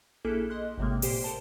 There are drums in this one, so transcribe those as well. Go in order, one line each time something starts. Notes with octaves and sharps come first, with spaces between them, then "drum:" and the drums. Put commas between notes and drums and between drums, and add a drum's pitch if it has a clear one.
A#1 A#3 E4 G#4 A4 F#6
D#5 C6 F#6
G#1 A2 C3 G#3 A#3
A#2 G4 C5 C7 D7, drum: open hi-hat
A4 A#4 C5 A5